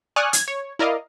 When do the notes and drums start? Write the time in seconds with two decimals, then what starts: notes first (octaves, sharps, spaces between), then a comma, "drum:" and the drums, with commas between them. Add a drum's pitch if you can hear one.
0.16 D5 G#5 C#6 D#6 F6 F#6
0.33 G#6, drum: hi-hat
0.48 C#5
0.79 E4 A#4 D5 D#5 F5